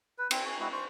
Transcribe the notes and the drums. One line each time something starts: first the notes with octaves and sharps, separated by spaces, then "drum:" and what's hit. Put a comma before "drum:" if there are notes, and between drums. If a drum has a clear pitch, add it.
B4
C4, drum: cymbal
G#5 C#6
G#3 C4 E4 F#4
C5 C#6